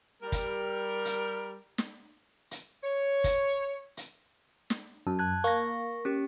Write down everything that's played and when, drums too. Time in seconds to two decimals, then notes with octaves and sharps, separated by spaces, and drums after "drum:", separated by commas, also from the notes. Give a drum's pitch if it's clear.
0.22 G3 A#4
0.32 drum: kick, hi-hat
1.05 drum: hi-hat
1.78 drum: snare
2.51 drum: hi-hat
2.84 C#5
3.24 drum: kick, hi-hat
3.97 drum: hi-hat
4.70 drum: snare
5.07 F#2 A5
5.19 A5 F#6 G#6
5.44 A#3 C#6 A#6
6.05 C#4 G4